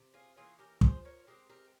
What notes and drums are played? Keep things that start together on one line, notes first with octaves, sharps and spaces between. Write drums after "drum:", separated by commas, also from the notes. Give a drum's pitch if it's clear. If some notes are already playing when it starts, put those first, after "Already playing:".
Already playing: C3
F4 G#4
E3 A#3 C#4 F4 G#4
G4 A#4
F3 G#4 C5, drum: kick
A#4 C#5
G#3 C4 G4 A#4
G4 A#4